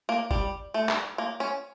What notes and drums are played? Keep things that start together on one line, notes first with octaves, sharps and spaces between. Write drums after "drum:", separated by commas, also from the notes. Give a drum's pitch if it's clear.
A#3
G3, drum: kick G#1
A3
drum: clap
A#3
C#4